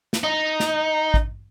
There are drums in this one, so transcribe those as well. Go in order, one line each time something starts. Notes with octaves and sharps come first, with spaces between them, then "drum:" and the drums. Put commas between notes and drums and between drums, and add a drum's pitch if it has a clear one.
drum: snare
D#4
drum: snare
drum: kick A1